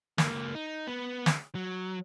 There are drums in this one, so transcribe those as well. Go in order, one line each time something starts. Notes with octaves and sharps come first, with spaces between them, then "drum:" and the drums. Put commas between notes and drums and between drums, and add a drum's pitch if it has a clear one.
C#2 A#3, drum: snare
D#4
B3
drum: snare
F#3